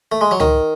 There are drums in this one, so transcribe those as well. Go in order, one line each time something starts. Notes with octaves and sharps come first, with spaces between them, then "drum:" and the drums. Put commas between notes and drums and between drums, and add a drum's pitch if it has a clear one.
A3
G#3
F#3
D#3, drum: tom